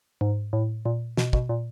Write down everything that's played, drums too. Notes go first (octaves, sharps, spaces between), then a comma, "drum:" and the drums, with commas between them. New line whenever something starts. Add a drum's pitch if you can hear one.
G#2
A2
A#2
B2, drum: snare
B2, drum: kick
A#2